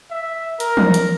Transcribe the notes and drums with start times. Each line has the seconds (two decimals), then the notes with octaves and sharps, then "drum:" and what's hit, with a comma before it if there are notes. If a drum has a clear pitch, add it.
0.11 E5
0.60 A#4, drum: hi-hat
0.77 drum: tom
0.94 drum: hi-hat